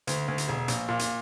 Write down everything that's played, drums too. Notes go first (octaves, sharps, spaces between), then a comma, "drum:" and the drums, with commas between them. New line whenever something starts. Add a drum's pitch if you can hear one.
D2, drum: hi-hat
D2
drum: hi-hat
E1
A#1, drum: hi-hat
A#2
drum: hi-hat